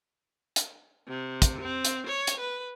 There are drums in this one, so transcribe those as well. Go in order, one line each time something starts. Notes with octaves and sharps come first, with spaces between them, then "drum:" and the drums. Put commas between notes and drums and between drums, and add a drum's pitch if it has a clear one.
drum: hi-hat
C3
drum: kick, hi-hat
C4
drum: hi-hat
C#5
drum: hi-hat
B4